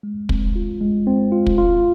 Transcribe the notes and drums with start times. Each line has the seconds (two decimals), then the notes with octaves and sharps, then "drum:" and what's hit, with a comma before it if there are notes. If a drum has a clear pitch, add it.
0.03 G#3
0.29 C4, drum: kick
0.56 F4
0.81 G#3
1.07 C4
1.32 F4
1.46 drum: kick
1.58 F4